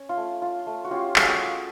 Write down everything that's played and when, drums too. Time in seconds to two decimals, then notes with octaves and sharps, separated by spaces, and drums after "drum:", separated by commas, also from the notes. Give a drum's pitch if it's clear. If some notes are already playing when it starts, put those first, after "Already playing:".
Already playing: C#4
0.09 F4
0.17 A3
0.42 F4
0.66 A3
0.84 F#4
0.91 C#4 F4 G4
1.16 A3 F#4 G#4, drum: clap
1.41 F4